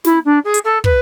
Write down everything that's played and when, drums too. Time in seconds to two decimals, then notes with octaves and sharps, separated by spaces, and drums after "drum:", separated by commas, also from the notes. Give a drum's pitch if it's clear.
0.04 E4, drum: snare
0.25 D4
0.44 G#4
0.54 drum: hi-hat
0.64 A4
0.84 B4, drum: kick